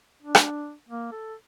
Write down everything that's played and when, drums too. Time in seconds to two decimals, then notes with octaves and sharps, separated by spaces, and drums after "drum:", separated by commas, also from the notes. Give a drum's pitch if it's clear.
0.22 D4
0.35 drum: rim click
0.89 A#3
1.12 A4